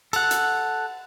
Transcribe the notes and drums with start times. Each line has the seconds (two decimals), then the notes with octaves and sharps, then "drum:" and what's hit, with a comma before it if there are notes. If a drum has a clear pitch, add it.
0.13 A4 F#5, drum: cymbal
0.31 drum: hi-hat